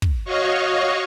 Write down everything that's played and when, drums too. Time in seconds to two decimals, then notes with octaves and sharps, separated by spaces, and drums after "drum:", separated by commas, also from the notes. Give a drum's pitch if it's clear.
0.02 drum: kick
0.24 F#4 C#5 D#5 F5 C#6